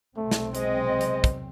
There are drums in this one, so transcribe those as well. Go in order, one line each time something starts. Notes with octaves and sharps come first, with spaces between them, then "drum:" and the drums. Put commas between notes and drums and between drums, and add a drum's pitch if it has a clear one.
B1 C3 A3 C4
drum: snare
G#3 C5 D#5, drum: hi-hat
drum: hi-hat
drum: kick, hi-hat